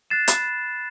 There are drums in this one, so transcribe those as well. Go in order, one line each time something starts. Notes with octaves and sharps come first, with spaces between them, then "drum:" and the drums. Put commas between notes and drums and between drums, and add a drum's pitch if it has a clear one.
F#6 A6 C7 E7
B5, drum: hi-hat